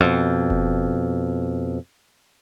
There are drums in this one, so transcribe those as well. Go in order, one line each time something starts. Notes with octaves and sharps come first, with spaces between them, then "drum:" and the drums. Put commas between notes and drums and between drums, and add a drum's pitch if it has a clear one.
F2 B2
drum: kick F1